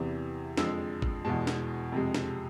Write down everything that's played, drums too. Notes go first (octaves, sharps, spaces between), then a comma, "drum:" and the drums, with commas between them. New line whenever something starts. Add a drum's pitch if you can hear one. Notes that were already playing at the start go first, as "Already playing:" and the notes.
Already playing: E2 C3 E3
F2 D3 F3 G#3 E6, drum: snare
drum: kick
E2 B2 G#3 A5
drum: snare
F2 C3 G#3
drum: snare